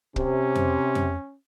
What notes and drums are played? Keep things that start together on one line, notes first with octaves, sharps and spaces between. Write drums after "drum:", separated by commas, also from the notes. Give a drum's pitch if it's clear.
C3 C#4, drum: kick
drum: tom F2
drum: tom F2